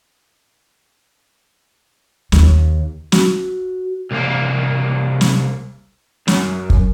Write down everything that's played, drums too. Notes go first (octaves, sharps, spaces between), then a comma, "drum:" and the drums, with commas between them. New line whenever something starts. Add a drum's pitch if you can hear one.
D#2, drum: snare
F#4, drum: snare
C2 A#3
drum: snare
F#2, drum: snare
drum: kick